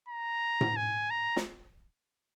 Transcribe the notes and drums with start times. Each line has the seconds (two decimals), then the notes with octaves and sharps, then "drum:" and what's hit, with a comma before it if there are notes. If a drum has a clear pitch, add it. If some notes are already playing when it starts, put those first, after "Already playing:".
0.08 A#5
0.61 drum: tom A2
0.76 G#5
1.10 A#5
1.36 drum: snare